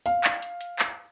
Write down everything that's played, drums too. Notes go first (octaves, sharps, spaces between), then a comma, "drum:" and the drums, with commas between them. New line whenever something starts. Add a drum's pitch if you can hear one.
F5, drum: hi-hat
drum: clap
drum: hi-hat
drum: hi-hat
drum: clap